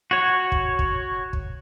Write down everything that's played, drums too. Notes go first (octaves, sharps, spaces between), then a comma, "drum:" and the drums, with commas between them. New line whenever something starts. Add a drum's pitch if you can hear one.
F#4 C#5
drum: kick
drum: kick
drum: kick